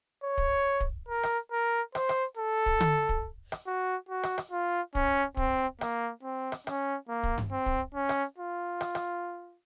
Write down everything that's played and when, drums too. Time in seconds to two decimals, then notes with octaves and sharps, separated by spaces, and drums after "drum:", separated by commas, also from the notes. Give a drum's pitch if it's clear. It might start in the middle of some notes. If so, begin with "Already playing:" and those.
0.24 C#5
0.38 drum: kick
0.80 drum: kick
1.08 A#4
1.23 drum: rim click
1.52 A#4
1.95 C5, drum: rim click
2.09 drum: rim click
2.37 A4
2.66 drum: kick
2.81 drum: tom D3
3.09 drum: kick
3.52 drum: rim click
3.67 F#4
4.09 F#4
4.23 drum: rim click
4.38 drum: rim click
4.51 F4
4.95 C#4, drum: kick
5.37 C4, drum: kick
5.81 A#3, drum: rim click
6.23 C4
6.52 drum: rim click
6.67 C#4, drum: rim click
7.09 A#3
7.23 drum: kick
7.38 drum: tom G2
7.51 C4
7.66 drum: kick
7.94 C#4
8.09 drum: rim click
8.38 F4
8.81 drum: rim click
8.95 drum: rim click